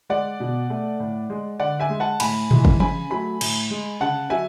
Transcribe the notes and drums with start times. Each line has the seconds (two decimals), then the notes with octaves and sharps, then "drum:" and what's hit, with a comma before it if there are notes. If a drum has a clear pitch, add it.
0.09 G#3 D5 F#5
0.40 B2
0.70 A3
1.00 A2
1.30 G#3
1.60 D3 D5 F#5
1.79 E5 G#5
1.90 G#3
2.00 F#5 A5
2.20 A2 G#5 B5, drum: cymbal
2.51 E3 G#3, drum: tom A2
2.65 drum: kick
2.80 C#3 G#5 B5, drum: tom E3
3.10 F#3 A3 G#5 B5
3.41 A2, drum: cymbal
3.70 G#3
4.01 C#3 F#5 A5
4.30 F#3 E5 G#5